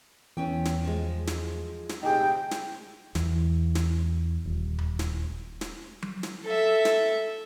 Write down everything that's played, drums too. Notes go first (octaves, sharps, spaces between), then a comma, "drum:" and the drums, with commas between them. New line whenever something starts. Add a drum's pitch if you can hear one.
E2 B3 C#4 G5
drum: snare
F3 G#3
drum: snare
drum: snare
D2 C3 D#4 G4 G#4 G5
drum: snare
E2, drum: snare
drum: snare
D#1
drum: tom D#2
drum: snare
drum: snare
drum: tom F#3
drum: snare
A4 E5
drum: snare